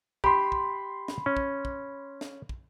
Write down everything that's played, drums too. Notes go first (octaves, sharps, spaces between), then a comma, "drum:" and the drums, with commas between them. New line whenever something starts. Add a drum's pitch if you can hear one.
G4 B5 C6, drum: kick
drum: kick
drum: snare
C#4
drum: kick
drum: kick
drum: snare
drum: kick